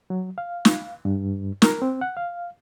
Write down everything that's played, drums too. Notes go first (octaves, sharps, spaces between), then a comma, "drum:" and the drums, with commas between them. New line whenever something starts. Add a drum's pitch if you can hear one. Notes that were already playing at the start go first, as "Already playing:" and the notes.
F#3
F5
drum: snare
G2
A#4, drum: snare
C4
F#5
F5